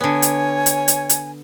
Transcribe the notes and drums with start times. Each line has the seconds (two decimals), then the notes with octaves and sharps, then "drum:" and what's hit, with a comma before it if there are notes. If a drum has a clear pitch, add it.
0.01 D3 B3 C#5 G#5
0.22 drum: hi-hat
0.66 drum: hi-hat
0.88 drum: hi-hat
1.09 drum: hi-hat